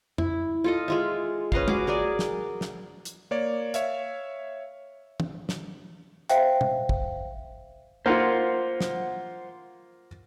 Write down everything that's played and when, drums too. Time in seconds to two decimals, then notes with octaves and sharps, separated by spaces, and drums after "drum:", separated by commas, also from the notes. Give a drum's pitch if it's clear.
0.18 E4, drum: tom F2
0.64 F4 A4 D#5
0.88 G#3 F4 E5
1.52 C#4 B4 D#5 F5, drum: kick
1.68 F#4 G#4 D6, drum: tom
1.87 G#4 A#4 D5 G#5
2.19 drum: snare
2.61 drum: snare
3.05 drum: hi-hat
3.31 A#3 C#5 D5
3.74 C#5 E5 F5, drum: hi-hat
5.20 drum: tom
5.49 drum: snare
6.29 C5 E5 F5 G5, drum: hi-hat
6.61 drum: tom
6.89 drum: kick
8.06 A#3 F4 C5 F#5
8.81 drum: snare